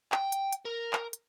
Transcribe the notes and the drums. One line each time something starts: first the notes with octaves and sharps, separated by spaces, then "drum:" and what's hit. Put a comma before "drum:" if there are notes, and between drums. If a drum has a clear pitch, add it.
G5, drum: clap
drum: hi-hat
drum: hi-hat
A#4
drum: clap
drum: hi-hat